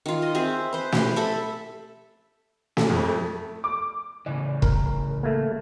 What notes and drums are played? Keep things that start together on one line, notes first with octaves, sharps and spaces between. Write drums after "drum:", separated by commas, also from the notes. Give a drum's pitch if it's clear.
D#3 F4
D#5
C4 G#4 E5
B4 C5
G4 C6, drum: snare
A4 E5 B5
A4, drum: snare
F2
A3
D6
A2 C#3 E3 D5
A#4, drum: kick
A3 A#3